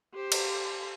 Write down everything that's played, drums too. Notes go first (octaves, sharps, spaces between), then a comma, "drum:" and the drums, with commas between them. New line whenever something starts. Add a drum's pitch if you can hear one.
G4 C5
drum: cymbal